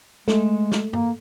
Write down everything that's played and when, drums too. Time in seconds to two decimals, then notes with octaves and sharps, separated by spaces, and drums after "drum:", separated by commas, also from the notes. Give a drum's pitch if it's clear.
0.28 G#3 A3, drum: snare
0.72 drum: snare
0.93 A#3, drum: tom G2